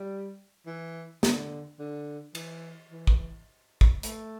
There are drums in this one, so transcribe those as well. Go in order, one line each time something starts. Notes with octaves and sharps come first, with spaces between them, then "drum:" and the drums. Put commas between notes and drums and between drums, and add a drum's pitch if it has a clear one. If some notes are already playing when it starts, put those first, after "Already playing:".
Already playing: G3
E3
D3, drum: snare
D3
E3, drum: cymbal
E3
drum: kick
drum: kick
A3, drum: hi-hat